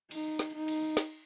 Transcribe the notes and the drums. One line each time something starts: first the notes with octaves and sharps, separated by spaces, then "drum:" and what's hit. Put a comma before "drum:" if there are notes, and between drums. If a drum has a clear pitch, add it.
D#4, drum: cymbal
drum: snare
D#4
drum: cymbal
drum: snare